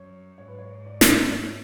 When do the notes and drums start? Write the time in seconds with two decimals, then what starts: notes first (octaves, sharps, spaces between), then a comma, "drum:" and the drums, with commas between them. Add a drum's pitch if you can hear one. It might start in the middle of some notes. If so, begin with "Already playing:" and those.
Already playing: F#2 C#5
0.38 G#2 C#5
0.48 B4
0.59 C#5
0.85 D5
1.01 E5, drum: snare
1.17 D5
1.33 C#5